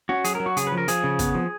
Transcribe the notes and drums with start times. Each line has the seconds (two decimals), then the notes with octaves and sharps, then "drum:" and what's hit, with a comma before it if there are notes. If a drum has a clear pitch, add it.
0.09 C#4 F#4
0.24 F#3 G#4, drum: hi-hat
0.35 F#3 A#4
0.46 F#4
0.57 C#3 G#4, drum: hi-hat
0.67 B4
0.72 F3
0.78 A#4
0.88 F3 G#4, drum: hi-hat
1.04 C#3
1.19 B3, drum: kick, hi-hat
1.35 F3